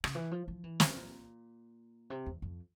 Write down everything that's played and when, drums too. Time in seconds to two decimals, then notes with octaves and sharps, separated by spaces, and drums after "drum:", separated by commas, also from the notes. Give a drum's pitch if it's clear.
0.04 C#3, drum: rim click
0.15 E3
0.31 F3
0.48 F3
0.64 E3
0.80 C#3, drum: snare
0.97 A#2
2.10 C3
2.26 E2
2.42 F2